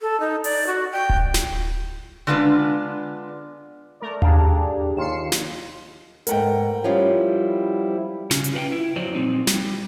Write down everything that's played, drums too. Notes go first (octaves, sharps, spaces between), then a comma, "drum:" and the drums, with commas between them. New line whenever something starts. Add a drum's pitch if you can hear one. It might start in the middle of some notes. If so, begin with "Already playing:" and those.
A4
D#4
D5, drum: open hi-hat
F#4
G5
drum: kick D1
drum: snare
D3 G#3 B3 D4 F4 B4
A3 A#4 D5
D4 G4 G#4 F5 A5 A#5, drum: tom D#2
A4
D#2 F4 C7 C#7 E7
drum: snare
G#2 A3 B3 A#4 F#5 G5, drum: hi-hat
F3 G3 C#4 E4 F4
C#3 C#4, drum: snare
drum: hi-hat
F4 B4 F#5 G5
E4
F2 F3 F#3 C5 D5
A#2 G3 C4 D#4
G3, drum: snare